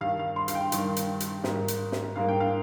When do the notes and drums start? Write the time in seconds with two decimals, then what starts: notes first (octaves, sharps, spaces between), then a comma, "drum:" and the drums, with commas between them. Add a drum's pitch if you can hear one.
0.01 G2 D#3 G3 F5
0.19 F5
0.36 C6
0.48 F5, drum: hi-hat
0.55 G5
0.72 G2 D#3 G3, drum: hi-hat
0.96 drum: hi-hat
1.20 drum: hi-hat
1.44 G#2 G3 A#3, drum: snare
1.68 drum: hi-hat
1.92 drum: snare
2.16 G#2 G3 A#3 F5
2.29 G5
2.40 F5